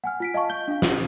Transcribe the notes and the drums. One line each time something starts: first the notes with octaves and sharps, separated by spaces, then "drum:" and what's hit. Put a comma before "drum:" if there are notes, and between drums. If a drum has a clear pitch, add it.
F#5 G#5 F6
F4 B6 D7
D#5 F5 A5 C#6
G6 G7
D4 F5
F#7, drum: snare